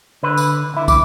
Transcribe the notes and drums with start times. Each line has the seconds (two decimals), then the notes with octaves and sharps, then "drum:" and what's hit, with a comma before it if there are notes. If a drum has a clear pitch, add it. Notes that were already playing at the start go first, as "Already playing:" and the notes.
0.23 D3 B4
0.37 drum: tambourine
0.74 D3 E4
0.88 D6, drum: kick, tambourine